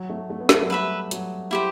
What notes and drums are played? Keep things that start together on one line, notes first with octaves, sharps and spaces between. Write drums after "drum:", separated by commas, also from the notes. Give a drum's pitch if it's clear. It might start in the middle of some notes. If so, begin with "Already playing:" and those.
Already playing: F#3
A3
A3
B3
A3, drum: snare
F#3
G3 B4 E5 B5
F#3, drum: hi-hat
E4 G4 C5